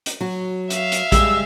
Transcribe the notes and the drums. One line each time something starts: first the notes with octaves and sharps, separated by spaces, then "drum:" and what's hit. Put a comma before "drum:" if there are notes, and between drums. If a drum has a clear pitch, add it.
drum: hi-hat
F#3 F#4
E5 F5, drum: hi-hat
drum: hi-hat
G3 G#3 E6, drum: kick A#1, hi-hat